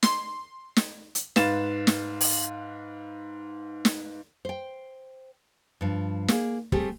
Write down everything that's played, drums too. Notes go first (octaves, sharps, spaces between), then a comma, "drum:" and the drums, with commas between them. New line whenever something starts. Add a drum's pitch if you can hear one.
C6, drum: snare
drum: snare
drum: hi-hat
G#2 B4 F5 A6 E7, drum: snare
drum: snare
drum: open hi-hat
drum: snare
C5 G5
G2 F3
A#3 G#4, drum: snare
G3 A3 C4 G4 G#4, drum: kick